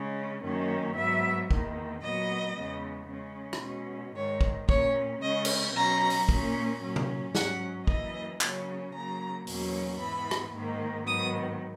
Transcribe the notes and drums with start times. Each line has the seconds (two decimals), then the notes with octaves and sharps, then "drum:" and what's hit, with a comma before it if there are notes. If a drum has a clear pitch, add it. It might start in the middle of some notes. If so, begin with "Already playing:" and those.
Already playing: C#3 G#3 C#4
0.44 F#2 D#3 A#3 C#4
0.97 G#2 F#3 B3 E5
1.51 E2 D#3 A#3, drum: kick
2.03 A#2 F#3 B3 D#5
2.57 E2 C#3 G#3 B3
3.09 C#3 G#3 C#4
3.53 drum: rim click
3.62 B2 G#3 C#4
4.16 G#2 D#3 G#3 C#5
4.41 drum: kick
4.69 A#2 A#3 C#4 C#5, drum: kick
5.22 C#3 G#3 C#4 D#5
5.45 drum: cymbal
5.75 B2 F#3 C#4 A#5
6.10 drum: open hi-hat
6.29 A#2 A#3 C#4, drum: kick
6.82 A#2 F#3 C#4
6.96 drum: tom C3
7.35 G#2 F#3 C#4 F#5, drum: snare
7.87 F#2 E3 A#3 D#5, drum: kick
8.41 C#3 F#3 A#3 C#4, drum: clap
8.94 C#3 F#3 A#3 A#5
9.47 E2 B2 F#3 A#3 C#4, drum: open hi-hat
10.00 G#2 E3 B3 B5
10.31 drum: rim click
10.53 G#2 D#3 A#3
11.06 G#2 D#3 F#3 B3 D#6